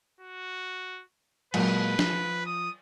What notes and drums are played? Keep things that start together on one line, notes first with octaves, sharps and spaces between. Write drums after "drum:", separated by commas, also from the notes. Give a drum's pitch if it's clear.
F#4
A#2 F#3 G#3 B4, drum: cymbal
F3, drum: snare
D#6